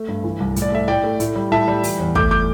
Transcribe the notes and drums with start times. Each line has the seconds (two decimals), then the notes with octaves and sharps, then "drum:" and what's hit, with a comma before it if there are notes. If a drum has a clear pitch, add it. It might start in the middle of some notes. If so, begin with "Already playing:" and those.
Already playing: A3
0.08 G2
0.24 E3
0.40 C2
0.56 A2, drum: hi-hat
0.62 D5
0.72 A3 E5
0.88 A2 D5 G5
1.04 A3
1.20 A2, drum: hi-hat
1.36 G3
1.52 A2 E5 A5
1.68 G3
1.84 E3, drum: open hi-hat
2.00 E2
2.15 A3 D6 G6, drum: kick
2.31 D6 G6